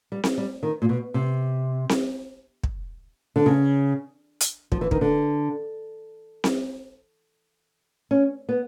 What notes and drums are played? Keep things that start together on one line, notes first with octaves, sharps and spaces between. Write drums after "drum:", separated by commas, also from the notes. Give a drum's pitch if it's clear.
G3
drum: snare C4
G3
D#3
A#2
B2
C3
drum: snare C4
drum: kick
D3
C#3
drum: hi-hat
F3, drum: kick
E3
D#3, drum: kick
D3
drum: snare C4
C#4
B3